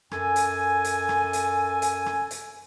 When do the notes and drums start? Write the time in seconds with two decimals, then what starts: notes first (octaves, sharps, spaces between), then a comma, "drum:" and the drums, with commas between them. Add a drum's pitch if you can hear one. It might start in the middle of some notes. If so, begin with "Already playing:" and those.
0.11 F#2 A4 G#5, drum: rim click
0.36 drum: hi-hat
0.85 drum: hi-hat
1.09 drum: rim click
1.33 drum: hi-hat
1.82 drum: hi-hat
2.06 drum: rim click
2.31 drum: hi-hat